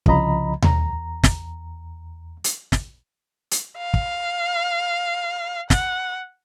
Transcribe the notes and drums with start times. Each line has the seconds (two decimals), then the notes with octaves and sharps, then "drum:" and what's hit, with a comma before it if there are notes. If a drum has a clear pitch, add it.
0.06 C2 C#3 F3 D#5 A#5 B5, drum: kick
0.62 E2 A#5, drum: tom D#2
1.24 drum: snare
2.44 drum: hi-hat
2.72 drum: snare
3.51 drum: hi-hat
3.78 F5
3.94 drum: kick
5.70 F#5, drum: snare